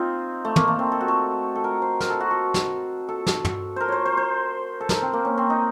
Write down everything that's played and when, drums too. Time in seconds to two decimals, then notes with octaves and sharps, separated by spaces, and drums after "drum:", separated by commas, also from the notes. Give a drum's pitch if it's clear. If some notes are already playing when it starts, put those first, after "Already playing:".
Already playing: C4 D#4 F4
0.45 A3
0.56 A#3, drum: tom
0.68 A3
0.79 C4
0.92 A4
1.01 F#4
1.08 A4
1.55 A4
1.64 A#4
1.82 C5
2.00 A#4, drum: snare
2.10 A4
2.20 F#4
2.31 A4
2.54 drum: snare
3.09 A4
3.27 drum: snare
3.45 drum: tom
3.76 A#4 C5
3.88 C5 C#5
4.05 C5
4.17 C5
4.81 A4
4.89 A#4, drum: snare
5.02 C4
5.13 A#3
5.25 C#4
5.38 C4
5.50 D#4